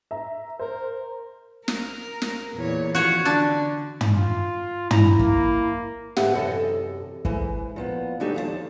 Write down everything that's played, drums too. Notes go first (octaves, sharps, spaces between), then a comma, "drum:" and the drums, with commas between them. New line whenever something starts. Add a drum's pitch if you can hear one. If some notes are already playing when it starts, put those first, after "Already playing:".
E5 A#5
A#4 C5
A#4, drum: snare
drum: snare
E2 A#2 C#5
F3 F4 F#4 C#5
D3 D4
drum: tom
F4
E4 A#5, drum: tom
A#3, drum: kick
G#2 D3 B3 G4 E5 F#5, drum: snare
F#2 C3 E3 A4 D#5 A5
G#2 E3, drum: kick
A#2 F3 B3
D3 F#3 A3 D4 D#4 G4
D#2 F3 C#5 A5